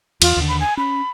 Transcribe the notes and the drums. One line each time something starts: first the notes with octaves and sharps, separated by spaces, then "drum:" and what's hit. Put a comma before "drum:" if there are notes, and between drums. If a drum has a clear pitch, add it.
E2 F4, drum: cymbal
D#2 D3
B5
G#5
C#4 B5